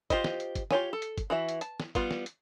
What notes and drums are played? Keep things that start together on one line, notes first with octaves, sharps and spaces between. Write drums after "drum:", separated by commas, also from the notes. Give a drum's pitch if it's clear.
F4 G4 C5 D#5, drum: kick, hi-hat
drum: snare
drum: hi-hat
drum: kick, hi-hat
F4 G4 C#5 G#5, drum: snare
A4
drum: hi-hat
drum: kick, hi-hat
E3 F#4 E5
drum: hi-hat
A5, drum: hi-hat
drum: snare
G3 B3 F4, drum: kick, hi-hat
drum: snare
drum: hi-hat